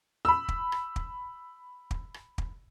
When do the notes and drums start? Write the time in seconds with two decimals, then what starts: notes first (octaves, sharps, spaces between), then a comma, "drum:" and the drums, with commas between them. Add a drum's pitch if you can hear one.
0.25 B5 E6
0.48 drum: kick
0.72 drum: rim click
0.96 drum: kick
1.91 drum: kick
2.14 drum: rim click
2.38 drum: kick